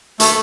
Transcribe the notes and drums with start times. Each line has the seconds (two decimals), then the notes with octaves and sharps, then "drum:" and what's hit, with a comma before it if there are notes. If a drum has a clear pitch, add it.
0.20 A3, drum: hi-hat